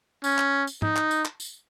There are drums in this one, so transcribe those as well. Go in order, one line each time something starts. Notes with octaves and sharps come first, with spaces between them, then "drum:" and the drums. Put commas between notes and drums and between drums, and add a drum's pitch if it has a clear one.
C#4, drum: tambourine
drum: clap
drum: tambourine
D#4, drum: tom G#2
drum: clap
drum: tambourine
drum: clap
drum: tambourine